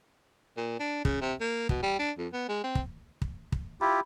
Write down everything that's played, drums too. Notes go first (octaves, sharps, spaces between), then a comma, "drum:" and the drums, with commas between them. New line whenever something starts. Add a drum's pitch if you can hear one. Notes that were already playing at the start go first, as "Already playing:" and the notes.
A#2
D4
C#3, drum: kick
C3
A#3
B2, drum: kick
G3
D4
F2
B3
G#3
C4
drum: kick
drum: kick
drum: kick
E4 F4 G4 B5